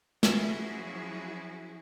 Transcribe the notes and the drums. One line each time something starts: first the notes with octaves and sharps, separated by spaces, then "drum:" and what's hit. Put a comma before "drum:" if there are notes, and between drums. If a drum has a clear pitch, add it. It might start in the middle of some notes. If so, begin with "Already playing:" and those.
F3 F#3 C#4 E4 F#4 G#4, drum: snare